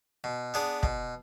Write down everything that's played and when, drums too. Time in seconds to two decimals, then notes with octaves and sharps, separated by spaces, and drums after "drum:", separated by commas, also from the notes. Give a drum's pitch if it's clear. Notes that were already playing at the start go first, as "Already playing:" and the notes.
0.24 B2
0.54 B3 D4 G#4
0.83 B2, drum: kick